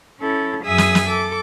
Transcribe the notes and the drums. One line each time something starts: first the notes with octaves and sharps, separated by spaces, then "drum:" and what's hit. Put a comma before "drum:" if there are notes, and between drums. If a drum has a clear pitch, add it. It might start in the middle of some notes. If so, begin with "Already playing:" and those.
C#4 E4 A4
F#2 G#4 E5 G#5 D#6 E6
drum: snare
drum: snare
A4 D6